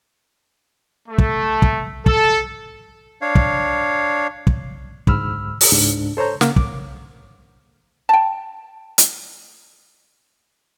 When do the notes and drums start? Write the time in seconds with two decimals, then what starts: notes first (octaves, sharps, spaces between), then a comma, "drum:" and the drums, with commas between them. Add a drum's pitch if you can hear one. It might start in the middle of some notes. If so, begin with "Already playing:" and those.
1.09 A3
1.18 drum: kick
1.62 drum: kick
2.06 A4, drum: kick
3.22 D4 C#5 F5
3.35 drum: kick
4.47 drum: kick
5.07 D2 G#2 B5 E6 F6, drum: kick
5.61 drum: open hi-hat
5.72 C#2 G#2 D4
6.17 A4 C5 C#5 A#5 G6
6.41 C#3 A#3 F#5 F6, drum: snare
6.56 D6, drum: kick
8.09 G5 A5
8.98 drum: hi-hat